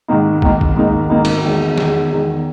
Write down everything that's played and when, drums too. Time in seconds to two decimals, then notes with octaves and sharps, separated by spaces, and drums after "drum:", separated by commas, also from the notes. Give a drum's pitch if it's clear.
0.08 G#2 D#3 A#3 D#4
0.42 G#2 D#3 A#3 D#4, drum: kick
0.61 drum: kick
0.77 G#2 D#3 A#3 D#4
1.10 G#2 D#3 A#3 D#4
1.25 drum: cymbal
1.44 E2 D#3 G#3
1.78 E2 D#3 G#3, drum: snare
2.12 E2 D#3 G#3